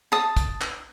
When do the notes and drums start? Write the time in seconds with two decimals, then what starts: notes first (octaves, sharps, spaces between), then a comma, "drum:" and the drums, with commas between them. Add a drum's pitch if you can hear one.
0.12 A5 D#6
0.36 drum: kick, hi-hat
0.61 drum: clap